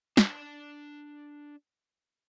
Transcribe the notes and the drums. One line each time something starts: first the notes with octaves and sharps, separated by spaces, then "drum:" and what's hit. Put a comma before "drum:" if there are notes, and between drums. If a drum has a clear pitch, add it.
D4 A5, drum: snare